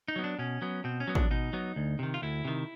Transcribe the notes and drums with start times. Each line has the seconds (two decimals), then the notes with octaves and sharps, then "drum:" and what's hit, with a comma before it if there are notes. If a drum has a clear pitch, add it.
0.08 D#4
0.16 F#3 B3
0.24 D4
0.39 B2 C#4
0.62 F#3 B3
0.84 B2 C4
1.00 C#4
1.07 F#3 B3
1.15 D4, drum: kick
1.31 B2 D#4
1.53 F#3 B3
1.76 D2
1.99 C3 D#3
2.14 F4
2.22 D2 E4
2.45 C3 D#3